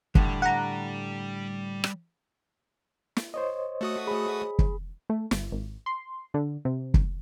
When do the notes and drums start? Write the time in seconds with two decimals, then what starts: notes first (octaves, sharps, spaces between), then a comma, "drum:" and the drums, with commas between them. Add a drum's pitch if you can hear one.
0.15 A2 D3 G3, drum: kick
0.42 F#5 A#5
1.84 drum: rim click
3.17 drum: snare
3.34 C5 C#5 D#5
3.81 A3 F#4 D#6
4.07 G#4 B5
4.59 drum: kick
5.10 A3
5.31 G1, drum: snare
5.52 G#1
5.86 C6
6.34 D3
6.65 C3
6.94 drum: kick